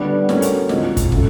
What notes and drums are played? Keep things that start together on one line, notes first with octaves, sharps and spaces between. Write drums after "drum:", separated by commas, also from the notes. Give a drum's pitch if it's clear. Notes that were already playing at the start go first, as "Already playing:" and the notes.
Already playing: D3 G3 B3 D4
A3 C#4 F#4 A#4, drum: snare
drum: hi-hat
D3 F3 G#3 C4 D#4, drum: snare
drum: kick, hi-hat
C#3 F#3 A3, drum: kick